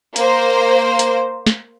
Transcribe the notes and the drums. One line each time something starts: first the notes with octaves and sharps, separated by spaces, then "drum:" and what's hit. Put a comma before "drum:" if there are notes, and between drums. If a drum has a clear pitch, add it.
A#3 C5, drum: hi-hat
drum: hi-hat
drum: snare